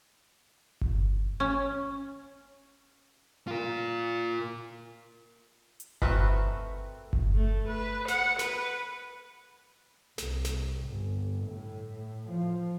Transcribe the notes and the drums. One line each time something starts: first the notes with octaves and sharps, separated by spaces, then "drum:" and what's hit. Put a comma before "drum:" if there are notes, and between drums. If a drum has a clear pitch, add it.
drum: kick G1
C#4
F4 A#4
drum: hi-hat
A3 C4 F#4 A#4 B4, drum: kick G1
drum: kick G1
A3
B4
F#5, drum: snare
B4, drum: snare
C2, drum: snare
drum: snare
G1
A2
F3